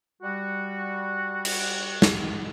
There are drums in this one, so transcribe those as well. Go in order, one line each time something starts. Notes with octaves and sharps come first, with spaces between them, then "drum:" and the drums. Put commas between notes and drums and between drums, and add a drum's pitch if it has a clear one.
G3 F#4
drum: cymbal
drum: snare